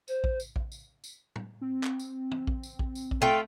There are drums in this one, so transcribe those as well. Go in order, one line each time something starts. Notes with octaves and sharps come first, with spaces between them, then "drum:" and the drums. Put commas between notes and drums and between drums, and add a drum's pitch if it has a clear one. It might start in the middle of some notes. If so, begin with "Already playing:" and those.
C5, drum: tambourine
drum: kick A#1
drum: tambourine
drum: kick A#1
drum: tambourine
drum: tambourine
drum: tom
C4
drum: clap
drum: tambourine
drum: tom
drum: kick A#1
drum: tambourine
drum: kick A#1
drum: tambourine
drum: kick A#1
A3 F4 G5